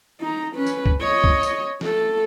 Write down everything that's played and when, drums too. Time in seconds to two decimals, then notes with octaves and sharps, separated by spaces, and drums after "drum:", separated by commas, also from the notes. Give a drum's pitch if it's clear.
0.20 D#4 A#5
0.55 C#4 B4
0.67 drum: tambourine
0.86 drum: kick
1.01 C#5 D#5
1.24 drum: kick
1.43 drum: tambourine
1.81 A3 A4, drum: snare F3